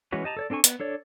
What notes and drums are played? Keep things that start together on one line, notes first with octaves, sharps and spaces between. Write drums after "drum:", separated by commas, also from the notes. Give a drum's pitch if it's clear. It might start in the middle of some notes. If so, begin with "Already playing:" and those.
E3 G#3 C#4 F#4 B4
G4 D#5 A5 A#5
A4 C#5 D5
C4 D4 A4 G#5 C#6
B3, drum: hi-hat
D4 A4 C#5 D5